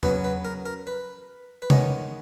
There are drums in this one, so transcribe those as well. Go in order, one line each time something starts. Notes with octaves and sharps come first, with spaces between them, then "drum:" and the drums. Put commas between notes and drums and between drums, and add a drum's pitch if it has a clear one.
C#3 F#3 B3 B4, drum: tom E2
B4
A#4
A#4
B4
B4
D#3 G#3 B3 C#5, drum: tom C3